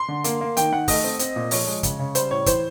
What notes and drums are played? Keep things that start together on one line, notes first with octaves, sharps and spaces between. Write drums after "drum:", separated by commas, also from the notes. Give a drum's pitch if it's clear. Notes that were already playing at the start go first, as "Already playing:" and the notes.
Already playing: C6
D3
A#3, drum: hi-hat
A#3
D#3 G5, drum: hi-hat
D#3 F#5
A3 D#5, drum: kick, open hi-hat
C4
C4, drum: hi-hat
A#2
F3 C#5, drum: open hi-hat
G#3
C#3, drum: kick, hi-hat
C#3
G3 C5, drum: hi-hat
A2 C#5
E3 C5, drum: kick, hi-hat